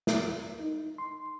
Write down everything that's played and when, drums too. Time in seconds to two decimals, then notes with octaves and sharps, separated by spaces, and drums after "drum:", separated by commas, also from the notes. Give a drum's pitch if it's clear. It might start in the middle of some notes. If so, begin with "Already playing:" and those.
0.07 A#4, drum: snare
0.59 D#4
0.98 C6